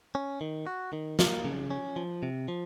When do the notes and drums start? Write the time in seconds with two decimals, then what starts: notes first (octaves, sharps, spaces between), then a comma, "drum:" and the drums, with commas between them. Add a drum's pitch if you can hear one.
0.15 C#4
0.41 D#3
0.67 F#4
0.93 D#3
1.19 A#3, drum: snare
1.45 C#3
1.70 C#4
1.96 F3
2.23 C3
2.48 F3